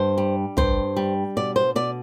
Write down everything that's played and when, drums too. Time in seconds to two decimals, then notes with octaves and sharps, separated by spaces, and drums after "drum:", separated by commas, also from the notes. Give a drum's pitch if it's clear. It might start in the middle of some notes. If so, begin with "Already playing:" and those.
Already playing: G2 C5
0.18 G3
0.57 G2 C5, drum: tom
0.97 G3
1.37 B2 D5
1.56 C5
1.75 B2 D5